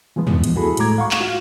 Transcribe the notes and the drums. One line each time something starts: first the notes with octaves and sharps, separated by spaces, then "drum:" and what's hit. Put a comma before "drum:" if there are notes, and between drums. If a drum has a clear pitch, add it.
E3 F3 G#3 B3
drum: tom
drum: hi-hat
E4 F#4 G#4 A4 B5
A2 G#3 A3 A#5 D6 G#6, drum: hi-hat
F5 F#5 C#6
drum: clap
F4 F#4 F5